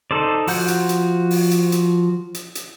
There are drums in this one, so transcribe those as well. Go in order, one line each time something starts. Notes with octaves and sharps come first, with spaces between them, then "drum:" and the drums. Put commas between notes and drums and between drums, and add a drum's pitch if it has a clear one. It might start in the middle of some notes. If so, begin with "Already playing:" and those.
D#4 A4 C5 D5
F3 F#4 F#5 G6, drum: open hi-hat
drum: hi-hat
drum: hi-hat
drum: open hi-hat
drum: hi-hat
drum: hi-hat
drum: hi-hat
drum: hi-hat